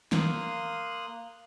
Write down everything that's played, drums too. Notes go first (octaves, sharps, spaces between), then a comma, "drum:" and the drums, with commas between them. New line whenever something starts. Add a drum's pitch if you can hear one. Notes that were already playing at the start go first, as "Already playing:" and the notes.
A#3 F5 C6 D#6 F#6, drum: snare